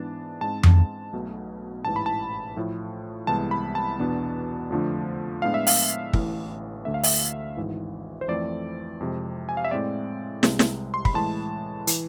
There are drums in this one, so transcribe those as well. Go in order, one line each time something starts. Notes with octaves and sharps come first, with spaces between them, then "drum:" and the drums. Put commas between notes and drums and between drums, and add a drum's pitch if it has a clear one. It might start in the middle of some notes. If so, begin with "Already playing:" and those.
Already playing: G#2 E3 B3 D4 A5
G#2 G#3 C4 A5
drum: tom F2
B1 B2 A3
A1 G#2 E3 A5
B5
A5
A2 F3 A3
C2 C3 E3 G#3 B3 A5
B5
A5
E2 B2 B3 D4
F2 D3 F3 A3 D4
A2 G#3 B3 D4 F5
E5
F5, drum: open hi-hat
A1 A2 E3, drum: kick
D2 D3 A3 D4 E5
F5
E5, drum: open hi-hat
G#1 G#2 E3
C5
F2 E3 A3 C4 D5
F2 C3 G#3
G#5
F5
E5
A2 G#3 C4 D5
C2 C3 G#3, drum: snare
drum: snare
C6
B5, drum: kick
A2 E3 G#3 A5
E3, drum: hi-hat